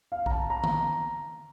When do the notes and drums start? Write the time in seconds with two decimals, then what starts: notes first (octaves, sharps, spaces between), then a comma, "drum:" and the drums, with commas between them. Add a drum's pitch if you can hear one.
0.12 F5
0.26 A#5, drum: kick A#1
0.31 A5
0.50 A#5
0.63 drum: tom